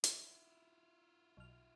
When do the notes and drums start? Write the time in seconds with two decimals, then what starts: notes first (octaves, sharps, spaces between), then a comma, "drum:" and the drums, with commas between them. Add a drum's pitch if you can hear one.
0.04 E4 F4, drum: hi-hat
1.37 B1 F6